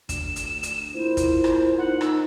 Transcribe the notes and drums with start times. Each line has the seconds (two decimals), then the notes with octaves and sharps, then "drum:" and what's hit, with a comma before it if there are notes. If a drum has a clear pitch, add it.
0.09 D2 E7, drum: kick, hi-hat
0.36 drum: hi-hat
0.63 drum: hi-hat
0.95 A#2 E4 C5
1.17 drum: kick, hi-hat
1.44 drum: rim click
1.78 D#4 F#5
2.01 D#4 E6, drum: rim click